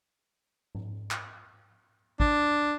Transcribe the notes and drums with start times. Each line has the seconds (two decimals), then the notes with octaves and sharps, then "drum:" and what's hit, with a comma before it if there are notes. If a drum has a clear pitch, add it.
0.75 drum: tom G#2
1.11 drum: clap
2.20 D4, drum: kick